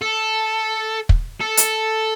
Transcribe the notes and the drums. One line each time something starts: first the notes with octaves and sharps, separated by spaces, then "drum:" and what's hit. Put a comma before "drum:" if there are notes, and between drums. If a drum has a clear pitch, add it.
A4
drum: kick
A4
drum: hi-hat